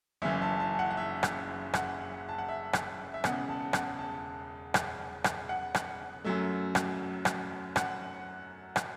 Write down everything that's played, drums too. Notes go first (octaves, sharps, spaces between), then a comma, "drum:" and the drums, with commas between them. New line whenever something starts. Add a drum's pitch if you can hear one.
F#1 F#2 C#3 E3 E5
A5
A5
F#5
F#5
E5
drum: rim click
F#5, drum: rim click
A5
F#5
E5
drum: rim click
E5
E1 E2 C#3 F#5, drum: rim click
A5
F#5, drum: rim click
A5
drum: rim click
drum: rim click
F#5
drum: rim click
F#2 F#3 A3 E5
drum: rim click
drum: rim click
F#5, drum: rim click
drum: rim click